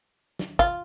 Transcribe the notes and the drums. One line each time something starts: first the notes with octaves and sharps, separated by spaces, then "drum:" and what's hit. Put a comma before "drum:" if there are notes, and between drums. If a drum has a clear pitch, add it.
drum: snare
F4, drum: kick